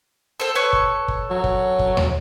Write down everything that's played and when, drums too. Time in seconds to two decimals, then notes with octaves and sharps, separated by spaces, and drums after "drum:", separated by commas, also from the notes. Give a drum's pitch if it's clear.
0.40 A4 C5
0.55 A4 B4 C#5
0.73 drum: kick
1.08 drum: kick
1.30 F#3
1.44 drum: kick
1.79 drum: kick
1.97 drum: tom D#2